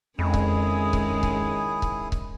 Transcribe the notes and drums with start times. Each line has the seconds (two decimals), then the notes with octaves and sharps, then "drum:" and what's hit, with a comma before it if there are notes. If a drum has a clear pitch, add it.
0.19 F2 D#3 G#3 C#4 E4 G#4 D#6
0.34 drum: kick C#1
0.93 drum: kick C#1
1.23 drum: kick C#1
1.82 drum: kick C#1
2.12 drum: kick C#1